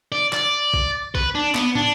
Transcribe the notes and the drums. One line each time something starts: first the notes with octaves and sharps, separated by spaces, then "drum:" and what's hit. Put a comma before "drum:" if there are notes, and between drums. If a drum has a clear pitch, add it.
D5
D5, drum: clap
drum: kick
B4, drum: kick
D4
B3, drum: clap
D4, drum: tom